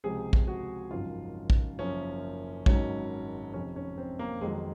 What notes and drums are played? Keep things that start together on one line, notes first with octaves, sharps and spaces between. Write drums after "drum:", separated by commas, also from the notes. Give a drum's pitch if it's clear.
C#2 C3 F3 G#4
drum: kick
F#4
G#1 F#2 C#3 F3 F4
drum: kick
F#1 F#2 F3 C#4
G#1 G#2 F#3 C#4, drum: kick
F2 C3 F3 C#4
C#4
C4
A#3
F2 D#3 F#3 G#3